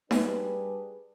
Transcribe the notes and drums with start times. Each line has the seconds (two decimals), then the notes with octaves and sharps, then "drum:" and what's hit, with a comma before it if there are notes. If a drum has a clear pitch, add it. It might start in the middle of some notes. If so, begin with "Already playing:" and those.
0.11 G3 D4 G4 G#4 B4, drum: snare D#4